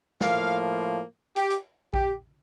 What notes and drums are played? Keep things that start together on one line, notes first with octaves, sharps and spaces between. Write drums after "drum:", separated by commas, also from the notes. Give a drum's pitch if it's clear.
A2 F3 A#3 F5, drum: snare
G4, drum: hi-hat
drum: hi-hat
G4, drum: kick A#1